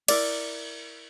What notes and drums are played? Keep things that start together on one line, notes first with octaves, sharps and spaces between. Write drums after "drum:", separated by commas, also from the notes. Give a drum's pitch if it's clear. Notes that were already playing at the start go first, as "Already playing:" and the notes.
E4 A#4 D5, drum: cymbal